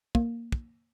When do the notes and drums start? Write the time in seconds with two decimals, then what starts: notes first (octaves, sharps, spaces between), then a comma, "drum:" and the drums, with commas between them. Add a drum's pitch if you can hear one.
0.15 A#3, drum: kick
0.52 drum: kick